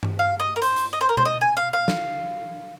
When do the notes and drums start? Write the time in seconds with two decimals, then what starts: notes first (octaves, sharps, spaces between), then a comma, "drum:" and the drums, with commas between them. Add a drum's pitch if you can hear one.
0.03 drum: tom G2
0.19 F5
0.40 D#5
0.56 A#4
0.62 C5, drum: hi-hat
0.76 drum: hi-hat
0.93 D#5
1.01 C5
1.09 A#4
1.17 C5, drum: tom B2
1.25 D#5
1.41 G#5
1.57 F5
1.73 F5
1.88 drum: snare